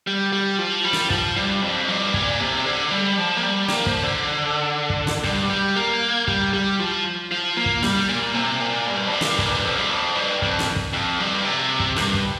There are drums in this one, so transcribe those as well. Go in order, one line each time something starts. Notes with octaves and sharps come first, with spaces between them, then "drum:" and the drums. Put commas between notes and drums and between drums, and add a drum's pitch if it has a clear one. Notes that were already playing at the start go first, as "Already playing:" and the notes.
G3
G3
F3
G3
drum: snare
F3, drum: kick
G2
F2
G2
A#2, drum: kick
C3
D3
G3
F3
A#3
G3
A#3, drum: snare
F3, drum: kick
D3
drum: kick
drum: snare
G2, drum: kick
G3
A#3
G3, drum: kick
G3
F3
F3
A#3
drum: kick
G3, drum: snare
A#2
C3
A#2
G2
F2
G2
drum: snare
A#2, drum: kick
G2
F2
G2
F2
G2
F2, drum: kick
drum: snare
drum: kick
F2
G2
C3
drum: kick
G2, drum: snare
drum: kick